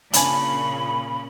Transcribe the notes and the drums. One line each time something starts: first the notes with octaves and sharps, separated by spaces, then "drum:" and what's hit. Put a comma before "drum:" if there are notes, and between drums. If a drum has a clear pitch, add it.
A#2 C#3 C#4 D4 G#5 B5, drum: hi-hat